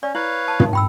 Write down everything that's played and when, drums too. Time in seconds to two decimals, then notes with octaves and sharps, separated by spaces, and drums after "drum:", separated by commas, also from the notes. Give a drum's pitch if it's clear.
0.03 C#4 D5
0.15 E4 B4 C#5 F5
0.48 A5
0.60 D#4, drum: tom
0.73 G5 B5 E6